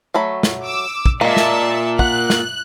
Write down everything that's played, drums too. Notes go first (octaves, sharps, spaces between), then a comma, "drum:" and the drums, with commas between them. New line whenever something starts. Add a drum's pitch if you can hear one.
F#3 A3 B5
drum: snare
D6 E6
drum: kick
A#2 G#3 A#3 D5 E5 A5
drum: snare
F#5 F#6, drum: kick
drum: snare